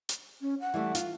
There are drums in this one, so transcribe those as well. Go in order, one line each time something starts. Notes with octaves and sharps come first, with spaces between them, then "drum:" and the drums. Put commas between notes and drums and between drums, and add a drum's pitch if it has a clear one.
drum: hi-hat
C#4
F#5
E3 G3 A3
F4, drum: hi-hat